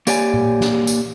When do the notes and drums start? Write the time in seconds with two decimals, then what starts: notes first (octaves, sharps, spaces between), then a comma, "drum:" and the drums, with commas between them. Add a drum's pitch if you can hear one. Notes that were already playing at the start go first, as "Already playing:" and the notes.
0.07 A#3 G4 C#5 D5 G#5, drum: tambourine
0.34 drum: tom A#2
0.61 drum: snare
0.87 drum: tambourine